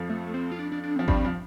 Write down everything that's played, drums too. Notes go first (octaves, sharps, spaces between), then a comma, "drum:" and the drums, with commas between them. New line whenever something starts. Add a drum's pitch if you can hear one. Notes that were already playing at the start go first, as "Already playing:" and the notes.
Already playing: F2 F3
A3
C4
F4
D4
D4
D4
C4
F3
G2 G3 C4, drum: kick G#1
F3